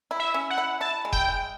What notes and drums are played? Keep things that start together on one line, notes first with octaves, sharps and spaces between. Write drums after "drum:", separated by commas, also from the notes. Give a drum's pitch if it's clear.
E4
E5
C#4
F#5
E4
E4 A5
G#3
G5, drum: kick F1
G#3